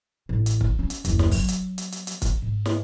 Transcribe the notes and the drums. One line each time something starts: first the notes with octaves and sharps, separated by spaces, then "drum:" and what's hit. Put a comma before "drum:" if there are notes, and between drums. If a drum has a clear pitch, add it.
A1
drum: hi-hat
drum: kick
C#4
drum: hi-hat
F#1 D#2, drum: hi-hat
drum: snare
F#3, drum: kick, open hi-hat
drum: hi-hat
drum: hi-hat
drum: hi-hat
drum: hi-hat
drum: kick, hi-hat
G#2
drum: snare